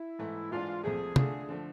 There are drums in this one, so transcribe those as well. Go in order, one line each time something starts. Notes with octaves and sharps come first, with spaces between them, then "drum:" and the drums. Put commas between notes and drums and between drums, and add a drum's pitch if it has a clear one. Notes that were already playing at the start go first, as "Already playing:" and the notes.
Already playing: E4
G#2 E3 A3
G#2 E3 G#3 D4 F4
C2 C3 F3 A3 G#4
D3 A3 D4 F4, drum: tom
D3 F3 A3